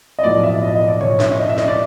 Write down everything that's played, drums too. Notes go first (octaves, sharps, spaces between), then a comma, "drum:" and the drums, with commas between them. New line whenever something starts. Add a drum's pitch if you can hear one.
D#5
B1 A2 F3 D5
E5
D#5
D#5
D5
C#5, drum: tom G#2
E5, drum: snare
D#5
E5
D#5, drum: snare
D5